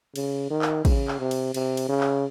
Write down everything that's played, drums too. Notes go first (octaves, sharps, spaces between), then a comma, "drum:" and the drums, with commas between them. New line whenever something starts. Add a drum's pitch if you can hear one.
C#3, drum: cymbal
D#3
drum: clap
C#3, drum: kick, cymbal
drum: clap
C3
drum: cymbal
C3, drum: cymbal
drum: cymbal
C#3
drum: clap